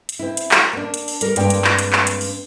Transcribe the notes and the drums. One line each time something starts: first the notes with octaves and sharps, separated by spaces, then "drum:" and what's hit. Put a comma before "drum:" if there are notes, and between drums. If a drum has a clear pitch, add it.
drum: hi-hat
C4 E4
drum: hi-hat
drum: clap
A#3 D4
drum: hi-hat
drum: open hi-hat
G3 A#4, drum: hi-hat
G2 G#3 A#3 C4 D5 G5, drum: hi-hat
drum: hi-hat
drum: clap
drum: hi-hat
drum: clap
drum: hi-hat
drum: open hi-hat